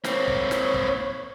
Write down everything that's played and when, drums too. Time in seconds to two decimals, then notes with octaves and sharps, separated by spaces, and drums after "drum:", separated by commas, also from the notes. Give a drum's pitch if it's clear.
0.04 A#3 C4 C#5, drum: snare
0.28 drum: kick
0.51 drum: snare
0.74 drum: kick